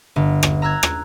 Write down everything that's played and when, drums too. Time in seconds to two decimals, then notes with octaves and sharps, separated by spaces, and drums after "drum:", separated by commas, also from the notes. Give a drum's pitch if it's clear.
0.16 G1
0.43 drum: rim click
0.62 A#5 E6 F#6 G#6
0.83 drum: rim click